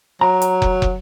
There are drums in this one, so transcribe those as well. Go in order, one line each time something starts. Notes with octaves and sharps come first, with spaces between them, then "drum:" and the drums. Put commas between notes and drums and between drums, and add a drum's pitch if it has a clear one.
F#3 A#5
drum: hi-hat
drum: kick
drum: kick